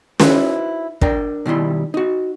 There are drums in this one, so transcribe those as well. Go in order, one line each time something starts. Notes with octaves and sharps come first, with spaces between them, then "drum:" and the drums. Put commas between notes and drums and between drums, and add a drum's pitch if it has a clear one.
D#4 E4 F#4 B4 C5 F5, drum: snare
D4 A#4 D5 G5, drum: kick
B2 D#3 G3 E4 C6
D#4 F#4